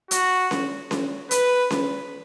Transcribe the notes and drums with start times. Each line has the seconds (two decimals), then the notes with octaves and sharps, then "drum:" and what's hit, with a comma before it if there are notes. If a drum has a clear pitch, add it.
0.11 F#4, drum: hi-hat
0.51 drum: snare C#4
0.91 drum: snare C#4
1.31 B4, drum: hi-hat
1.70 drum: snare C#4